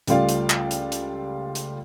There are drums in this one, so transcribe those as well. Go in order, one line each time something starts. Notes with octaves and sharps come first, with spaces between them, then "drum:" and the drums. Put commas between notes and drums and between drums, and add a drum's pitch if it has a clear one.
C#2 G3 A3 F4 D5 F5, drum: hi-hat
drum: hi-hat
drum: clap
drum: hi-hat
drum: hi-hat
drum: hi-hat